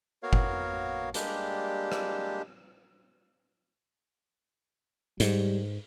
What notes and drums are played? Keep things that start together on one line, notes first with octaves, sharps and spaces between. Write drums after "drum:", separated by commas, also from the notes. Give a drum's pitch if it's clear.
A#3 B3 F#4 A#4 C#5 F5
drum: kick F#1
G3 G#3 A#3 D4 G4, drum: hi-hat
drum: rim click
G#2 G3, drum: hi-hat